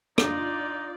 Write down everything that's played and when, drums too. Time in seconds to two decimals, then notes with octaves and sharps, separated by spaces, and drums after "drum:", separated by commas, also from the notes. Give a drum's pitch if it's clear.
0.18 D4 D#4 F4 D5, drum: rim click